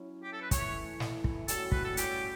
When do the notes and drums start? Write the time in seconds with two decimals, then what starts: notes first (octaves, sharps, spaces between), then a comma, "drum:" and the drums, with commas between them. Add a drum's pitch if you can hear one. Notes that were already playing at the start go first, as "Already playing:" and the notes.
Already playing: F#3 C#4 E4
0.23 G4
0.33 A4
0.42 B4
0.51 E3 A3 E4 C#5, drum: kick, hi-hat
1.00 drum: snare
1.24 drum: kick
1.48 A2 G3 C#4 F#4 A4, drum: hi-hat
1.72 B4, drum: kick
1.85 A4
1.97 G4, drum: hi-hat